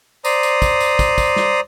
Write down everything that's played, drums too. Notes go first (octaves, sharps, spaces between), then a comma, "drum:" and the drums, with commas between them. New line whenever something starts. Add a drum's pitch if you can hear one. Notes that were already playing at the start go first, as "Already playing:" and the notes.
C5 D5 A#5 D#6, drum: tambourine
drum: tambourine
drum: kick, tambourine
drum: tambourine
drum: kick, tambourine
drum: kick, tambourine
drum: snare